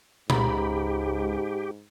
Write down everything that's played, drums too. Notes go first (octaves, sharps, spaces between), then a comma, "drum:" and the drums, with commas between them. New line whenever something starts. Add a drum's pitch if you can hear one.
C#2 G#2 G4 A#5 B5, drum: tom A#2